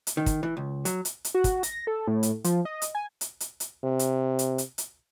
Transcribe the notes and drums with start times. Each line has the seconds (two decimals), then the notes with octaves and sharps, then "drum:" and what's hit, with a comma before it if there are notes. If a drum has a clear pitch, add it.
0.07 drum: hi-hat
0.17 D#3
0.26 drum: kick, hi-hat
0.43 E3
0.57 C#2
0.85 F#3, drum: hi-hat
1.05 drum: hi-hat
1.25 drum: hi-hat
1.34 F#4
1.44 drum: kick, hi-hat
1.63 A#6, drum: hi-hat
1.87 A4
2.08 A2
2.23 drum: hi-hat
2.44 F3, drum: hi-hat
2.65 D#5
2.82 drum: hi-hat
2.95 G#5
3.21 drum: hi-hat
3.40 drum: hi-hat
3.60 drum: hi-hat
3.84 C3
3.99 drum: hi-hat
4.39 drum: hi-hat
4.58 drum: hi-hat
4.78 drum: hi-hat